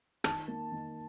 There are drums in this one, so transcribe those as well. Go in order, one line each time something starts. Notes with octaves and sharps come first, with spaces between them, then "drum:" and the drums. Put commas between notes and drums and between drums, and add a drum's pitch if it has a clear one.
D#3 A5, drum: rim click
A#3
D#3